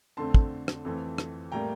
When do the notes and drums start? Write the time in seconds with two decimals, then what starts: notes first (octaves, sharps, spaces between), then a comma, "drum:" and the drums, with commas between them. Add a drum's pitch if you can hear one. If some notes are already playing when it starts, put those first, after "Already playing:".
0.17 F2 D3 A3 C4 A5 C6
0.34 drum: kick
0.68 drum: rim click
0.85 F2 E3 A3 C4
1.18 drum: rim click
1.52 A2 G3 A#3 G5 A#5